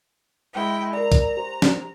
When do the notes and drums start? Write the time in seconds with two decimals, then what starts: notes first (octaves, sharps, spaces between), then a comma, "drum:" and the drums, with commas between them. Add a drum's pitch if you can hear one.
0.53 G#3 E4 G5
0.93 A#4 D5 A#5
1.12 drum: kick, hi-hat
1.37 G4 C5
1.62 drum: snare